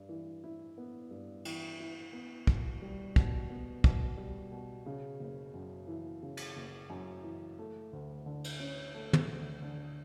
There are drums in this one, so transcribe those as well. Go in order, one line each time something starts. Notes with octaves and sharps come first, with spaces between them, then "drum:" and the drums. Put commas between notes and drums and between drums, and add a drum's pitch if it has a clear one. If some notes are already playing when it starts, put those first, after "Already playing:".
Already playing: G2
E3
E4
B3
G2
E3, drum: cymbal
E4
B3
B2, drum: kick
G3
B2, drum: kick
B3
B2, drum: kick
G3
B2
C#3
F#1
F#2
E3
C#3
drum: cymbal
F#1
F#2
E3
A3
D2
D3
drum: cymbal
C#4
A3
drum: tom
D2
D3